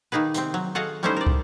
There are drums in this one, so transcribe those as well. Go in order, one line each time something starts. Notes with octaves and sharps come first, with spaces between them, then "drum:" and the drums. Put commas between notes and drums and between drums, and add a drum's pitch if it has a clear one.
D#3 A#3 D#4 G#4 B4
C3 C4, drum: hi-hat
F#3
F#4 G#4 A4 D#5 F5 F#5
G3 A3 C#4 D#4 E4 C5
A#4 D5
drum: kick